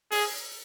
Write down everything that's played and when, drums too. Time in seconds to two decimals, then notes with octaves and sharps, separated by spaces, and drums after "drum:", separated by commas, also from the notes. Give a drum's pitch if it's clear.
0.12 G#4, drum: open hi-hat